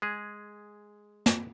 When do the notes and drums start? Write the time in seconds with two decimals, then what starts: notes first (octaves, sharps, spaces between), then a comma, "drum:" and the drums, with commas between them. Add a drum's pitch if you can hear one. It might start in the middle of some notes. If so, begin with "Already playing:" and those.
0.02 G#3 G#4
1.26 drum: snare